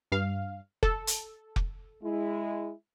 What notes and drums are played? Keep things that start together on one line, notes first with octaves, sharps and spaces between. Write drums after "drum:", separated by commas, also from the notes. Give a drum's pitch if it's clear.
G2 F5
A4, drum: kick F1
drum: hi-hat
drum: kick F1
G#3 E4